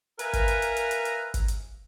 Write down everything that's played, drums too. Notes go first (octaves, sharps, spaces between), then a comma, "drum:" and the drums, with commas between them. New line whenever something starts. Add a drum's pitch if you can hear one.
A#4 B4 E5 F5 G#5 A#5, drum: hi-hat
drum: kick G1, hi-hat
drum: hi-hat
drum: hi-hat
drum: hi-hat
drum: hi-hat
drum: hi-hat
drum: kick G1, hi-hat
drum: hi-hat